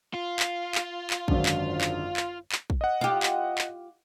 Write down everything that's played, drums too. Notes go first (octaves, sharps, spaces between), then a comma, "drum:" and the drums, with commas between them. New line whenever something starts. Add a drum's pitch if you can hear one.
F4
drum: clap
drum: clap
drum: clap
G#1 F#2 D3, drum: kick
drum: clap
drum: clap
drum: clap
drum: clap
drum: kick
D#5 F#5
F4 G4
drum: clap
drum: clap